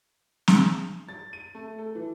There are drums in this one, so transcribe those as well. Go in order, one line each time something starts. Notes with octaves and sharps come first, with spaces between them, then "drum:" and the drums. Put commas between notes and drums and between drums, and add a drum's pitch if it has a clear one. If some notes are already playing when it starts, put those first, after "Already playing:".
drum: snare
A6
D#7
A3
A4
E3